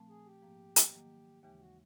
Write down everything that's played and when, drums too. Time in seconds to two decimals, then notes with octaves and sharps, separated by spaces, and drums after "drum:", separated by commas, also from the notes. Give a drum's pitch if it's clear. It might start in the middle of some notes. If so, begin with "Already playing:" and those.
Already playing: A#2 F3 A3 C4
0.09 G#4
0.26 G4
0.42 G#2 F3 A#3
0.76 drum: hi-hat
0.93 D#3 F#3 A#3
1.43 D#2 C#3 E3 G#3 G4
1.60 F#4